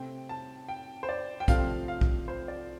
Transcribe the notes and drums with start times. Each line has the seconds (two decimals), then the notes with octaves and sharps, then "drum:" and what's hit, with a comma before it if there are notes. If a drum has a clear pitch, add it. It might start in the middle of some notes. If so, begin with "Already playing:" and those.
Already playing: C3 A3 C4 G5
0.29 A5
0.68 G5
1.03 C5
1.09 D5
1.40 G5
1.48 C3 F3 A3 C4 F5, drum: kick, hi-hat
1.88 F5
2.01 drum: kick
2.28 C5
2.48 D5